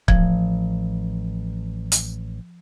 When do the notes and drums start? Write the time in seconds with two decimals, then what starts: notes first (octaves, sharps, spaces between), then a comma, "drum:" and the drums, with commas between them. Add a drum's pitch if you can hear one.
0.08 A1 F3, drum: kick C#1
1.92 drum: hi-hat